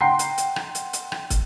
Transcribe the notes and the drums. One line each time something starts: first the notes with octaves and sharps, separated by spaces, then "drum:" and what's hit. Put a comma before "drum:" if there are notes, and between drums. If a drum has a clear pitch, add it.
F#5 G5 A#5 C6 C7
drum: hi-hat
drum: hi-hat
drum: rim click
drum: hi-hat
drum: hi-hat
drum: rim click
drum: kick, hi-hat